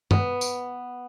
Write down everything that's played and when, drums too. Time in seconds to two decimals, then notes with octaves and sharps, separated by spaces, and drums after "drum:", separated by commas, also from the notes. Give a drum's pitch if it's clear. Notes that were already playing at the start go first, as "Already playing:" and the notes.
0.11 B3, drum: tom
0.41 drum: tambourine